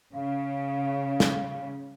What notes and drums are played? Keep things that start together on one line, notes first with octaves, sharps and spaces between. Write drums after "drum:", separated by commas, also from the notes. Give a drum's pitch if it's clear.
C#3 F5
drum: snare